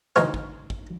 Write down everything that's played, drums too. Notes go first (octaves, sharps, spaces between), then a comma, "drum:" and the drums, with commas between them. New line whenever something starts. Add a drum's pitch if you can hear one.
D2 E3 D#4 F4 C#5 F5, drum: snare
drum: kick
drum: kick